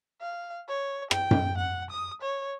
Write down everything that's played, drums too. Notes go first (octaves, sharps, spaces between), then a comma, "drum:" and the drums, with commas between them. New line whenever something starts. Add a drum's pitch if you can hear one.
F5
C#5
G5, drum: rim click
drum: tom F#2
F#5
D#6
C#5